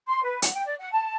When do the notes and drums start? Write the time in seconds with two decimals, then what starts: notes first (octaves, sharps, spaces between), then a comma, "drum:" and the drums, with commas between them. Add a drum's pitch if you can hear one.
0.08 C6
0.23 B4
0.42 F#5, drum: hi-hat
0.55 G5
0.66 D5
0.79 F#5
0.92 A5